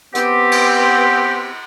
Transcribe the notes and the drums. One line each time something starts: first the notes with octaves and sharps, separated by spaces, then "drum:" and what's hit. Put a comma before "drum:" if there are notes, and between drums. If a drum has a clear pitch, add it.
B3 C4 G4, drum: hi-hat
drum: cymbal